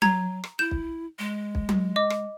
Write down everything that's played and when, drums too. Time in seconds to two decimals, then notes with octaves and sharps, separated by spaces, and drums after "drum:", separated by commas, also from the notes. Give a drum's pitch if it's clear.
0.02 F#3 A#5 G#6, drum: tom F#3
0.44 drum: rim click
0.59 E4 G6 E7
0.71 drum: kick B1
1.19 G#3
1.55 drum: kick B1
1.69 drum: tom F#3
1.96 D#5 D6
2.10 drum: rim click